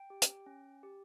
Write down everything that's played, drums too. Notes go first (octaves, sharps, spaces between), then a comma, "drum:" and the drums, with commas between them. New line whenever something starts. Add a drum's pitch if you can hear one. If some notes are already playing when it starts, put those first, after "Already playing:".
Already playing: G5
G4
drum: hi-hat
C#4
G4